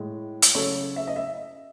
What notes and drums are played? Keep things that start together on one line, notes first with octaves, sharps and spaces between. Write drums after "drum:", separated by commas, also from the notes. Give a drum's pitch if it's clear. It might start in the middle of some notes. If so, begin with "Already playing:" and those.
Already playing: A2 G#3
drum: hi-hat
C#3 F#3 A4 C#5
E5
D#5
E5